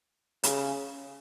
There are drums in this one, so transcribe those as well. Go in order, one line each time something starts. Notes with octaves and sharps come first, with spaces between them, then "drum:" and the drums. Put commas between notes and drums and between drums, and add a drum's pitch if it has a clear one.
C#3, drum: hi-hat